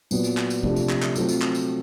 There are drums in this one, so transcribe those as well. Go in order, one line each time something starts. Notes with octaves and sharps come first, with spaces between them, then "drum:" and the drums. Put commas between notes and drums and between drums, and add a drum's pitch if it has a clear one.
A#2 F#3 B3, drum: tambourine
drum: tambourine
drum: clap
drum: tambourine
C3 F3 A3 D4, drum: kick
drum: tambourine
drum: clap
drum: clap
F#3 A3 C4 F4, drum: tambourine
drum: tambourine
drum: clap
drum: tambourine